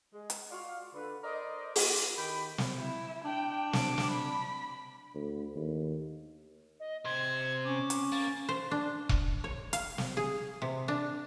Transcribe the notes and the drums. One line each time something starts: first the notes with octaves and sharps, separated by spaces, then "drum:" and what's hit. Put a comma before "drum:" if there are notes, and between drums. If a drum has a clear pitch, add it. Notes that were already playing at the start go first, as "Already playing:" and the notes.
G#3
drum: hi-hat
F4 F#4 D5 F5
D3 B4
A#4 C5 D5 D#5
A#3 F4, drum: open hi-hat
D#3 G4 G5 B5
drum: snare
E4
D4 G5
D6, drum: snare
drum: snare
B5
D2
D#2
D#5
C3 C5 G#6
C#4 D6
drum: hi-hat
A#3 A6
C5
D4
drum: kick E1
C#5
F5, drum: hi-hat
drum: snare
G#4
C3
D4